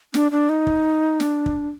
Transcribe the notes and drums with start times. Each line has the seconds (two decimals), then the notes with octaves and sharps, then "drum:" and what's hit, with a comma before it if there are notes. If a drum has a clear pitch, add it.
0.14 D4, drum: snare
0.31 D4
0.49 D#4
0.67 drum: kick
1.20 D4, drum: snare
1.46 drum: kick